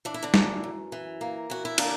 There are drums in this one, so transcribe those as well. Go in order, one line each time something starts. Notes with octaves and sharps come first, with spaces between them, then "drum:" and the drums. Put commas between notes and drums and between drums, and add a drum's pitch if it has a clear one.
E3 D4
E4
D3 D4
F#2, drum: snare
F#2
E3
A#3
E3 F#4
E4
D3 A#3 D4, drum: cymbal